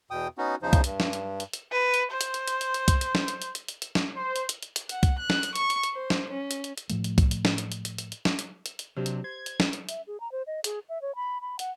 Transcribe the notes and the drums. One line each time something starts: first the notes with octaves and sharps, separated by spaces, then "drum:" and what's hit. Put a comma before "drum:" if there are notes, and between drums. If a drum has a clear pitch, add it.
E2 B2 G5 D#6
B3 C#4 D#4 F#4
E2 C#3 F3 D#4 C5
drum: kick C2, hi-hat
G2, drum: hi-hat
drum: snare
drum: hi-hat
drum: hi-hat
drum: hi-hat
B4
drum: hi-hat
C5
drum: hi-hat
drum: hi-hat
drum: hi-hat
drum: hi-hat
drum: hi-hat
drum: kick C2, hi-hat
drum: hi-hat
drum: snare
drum: hi-hat
drum: hi-hat
drum: hi-hat
drum: hi-hat
drum: hi-hat
drum: snare
C5
drum: hi-hat
drum: hi-hat
drum: hi-hat
drum: hi-hat
F#5, drum: hi-hat
drum: kick C2, hi-hat
F#6
drum: snare
drum: hi-hat
C#6, drum: hi-hat
drum: hi-hat
drum: hi-hat
C5
drum: snare
C#4
drum: hi-hat
drum: hi-hat
drum: hi-hat
A2 F3 A3, drum: hi-hat
drum: hi-hat
drum: kick C2, hi-hat
drum: hi-hat
drum: snare
drum: hi-hat
drum: hi-hat
drum: hi-hat
drum: hi-hat
drum: hi-hat
drum: snare
drum: hi-hat
drum: hi-hat
drum: hi-hat
C3 F#3 D4 G4 C5
drum: hi-hat
C5 G#6
drum: hi-hat
drum: snare
drum: hi-hat
E5, drum: hi-hat
G#4
A#5
C5
D#5
G#4, drum: hi-hat
E5
C#5
B5
B5
F#5, drum: hi-hat